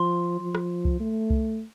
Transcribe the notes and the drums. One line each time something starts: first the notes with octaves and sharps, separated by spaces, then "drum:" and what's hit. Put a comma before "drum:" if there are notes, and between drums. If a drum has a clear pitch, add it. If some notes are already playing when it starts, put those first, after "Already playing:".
Already playing: F3 C6
F3
drum: rim click
drum: kick C2
A3
drum: kick C2